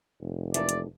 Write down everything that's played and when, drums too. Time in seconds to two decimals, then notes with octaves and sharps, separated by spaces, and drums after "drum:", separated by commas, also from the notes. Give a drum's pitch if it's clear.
0.21 F1
0.54 E3 A3 A#3 D5, drum: hi-hat
0.69 drum: hi-hat